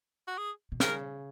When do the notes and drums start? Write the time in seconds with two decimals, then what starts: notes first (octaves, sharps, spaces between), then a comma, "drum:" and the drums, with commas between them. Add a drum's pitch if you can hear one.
0.27 F#4
0.37 G#4
0.72 B2
0.80 C#3 A#4, drum: snare